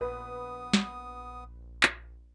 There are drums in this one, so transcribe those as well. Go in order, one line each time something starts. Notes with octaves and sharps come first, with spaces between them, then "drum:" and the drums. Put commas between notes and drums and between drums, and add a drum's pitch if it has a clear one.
A#1 B3 B4 D#6
drum: snare
drum: clap